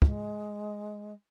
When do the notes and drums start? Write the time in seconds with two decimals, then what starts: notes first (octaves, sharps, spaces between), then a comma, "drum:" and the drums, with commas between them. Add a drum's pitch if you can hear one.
0.02 G#3, drum: kick